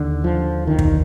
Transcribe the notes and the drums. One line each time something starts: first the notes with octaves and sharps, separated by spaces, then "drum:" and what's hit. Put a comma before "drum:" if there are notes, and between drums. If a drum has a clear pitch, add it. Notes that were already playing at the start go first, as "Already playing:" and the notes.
Already playing: D#2 D3
F3
D#2 D3 D#3
drum: kick